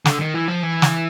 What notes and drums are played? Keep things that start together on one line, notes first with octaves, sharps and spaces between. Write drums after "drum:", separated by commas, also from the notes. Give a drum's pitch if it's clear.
D3, drum: snare
D#3
E3
F3
E3
drum: snare